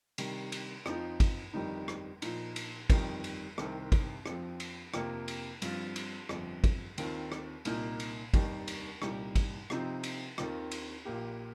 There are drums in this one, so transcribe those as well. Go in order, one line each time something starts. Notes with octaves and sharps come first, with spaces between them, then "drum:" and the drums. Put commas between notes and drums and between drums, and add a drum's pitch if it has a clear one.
C3 D#3 G3, drum: cymbal
drum: cymbal
F2 F3 D#4, drum: rim click
drum: kick, cymbal
G1 F2 D#3 G3 D#4
drum: rim click
A#2 F3 D#4, drum: cymbal
drum: cymbal
G1 F2 D#3 G3 D#4, drum: kick, cymbal
drum: cymbal
C2 C3 D#3 C4, drum: rim click
drum: kick, cymbal
F2 F3 C4, drum: rim click
drum: cymbal
F2 C3 F3 A#3, drum: rim click
drum: cymbal
G2 F3 C4 F4, drum: cymbal
drum: cymbal
G1 F2 F3, drum: rim click
drum: kick, cymbal
D#2 D#3 C4 F4, drum: cymbal
drum: rim click
C2 A#2 A#3 D#4 A#4, drum: cymbal
drum: cymbal
F1 D#2 D#3 G3 D#4, drum: kick, cymbal
drum: cymbal
C2 A#2 G3 D#4 G4, drum: rim click
drum: kick, cymbal
C3 F3 C4 D#4, drum: rim click
drum: cymbal
D#2 D#3 C4 F4, drum: rim click
drum: cymbal
A#1 A#2 A#3 G4